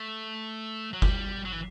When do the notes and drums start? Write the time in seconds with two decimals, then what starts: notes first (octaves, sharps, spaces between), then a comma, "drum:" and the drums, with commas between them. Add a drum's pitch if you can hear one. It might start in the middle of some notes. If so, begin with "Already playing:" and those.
Already playing: A3
0.93 F#3
1.02 G3, drum: kick F#1
1.45 F#3
1.52 E3